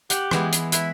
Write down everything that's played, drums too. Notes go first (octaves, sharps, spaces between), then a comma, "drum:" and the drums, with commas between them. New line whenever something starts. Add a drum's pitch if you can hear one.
G4 F#5, drum: hi-hat
E3 G#3 B3, drum: rim click
drum: hi-hat
E4 B4, drum: hi-hat